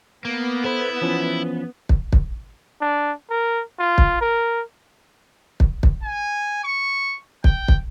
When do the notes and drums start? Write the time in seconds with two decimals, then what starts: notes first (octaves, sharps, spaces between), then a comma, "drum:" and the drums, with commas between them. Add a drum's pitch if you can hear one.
0.25 A#3 B3
0.64 E4 A4 C5 B5
1.02 E3 F3 C#4
1.89 drum: kick
2.13 drum: kick
2.81 D4
3.30 A#4
3.79 F4
3.98 drum: kick
4.21 A#4
5.60 drum: kick
5.83 drum: kick
6.03 G#5
6.64 C#6
7.44 G5, drum: kick
7.68 drum: kick